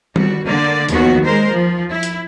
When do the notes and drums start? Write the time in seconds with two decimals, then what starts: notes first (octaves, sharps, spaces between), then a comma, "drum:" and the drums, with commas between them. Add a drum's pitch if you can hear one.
0.16 G3 F#4, drum: tom D#3
0.45 D3 A#3 D5
0.89 D#2 D#3 F3 B3 F#4, drum: hi-hat
1.24 G#3 A#4 C5
1.54 F3
1.91 E4
2.03 drum: hi-hat